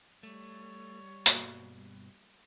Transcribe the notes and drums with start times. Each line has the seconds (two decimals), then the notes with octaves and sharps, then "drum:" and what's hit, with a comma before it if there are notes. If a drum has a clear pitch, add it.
0.23 G3 A3 C#5
1.26 G2 B2 A#3 F#4, drum: hi-hat